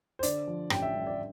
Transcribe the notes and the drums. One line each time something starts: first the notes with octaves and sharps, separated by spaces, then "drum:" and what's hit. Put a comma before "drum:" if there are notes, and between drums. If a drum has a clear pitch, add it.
C5
D3 D5, drum: hi-hat
F3
A1 G5, drum: rim click
E5
G2
D5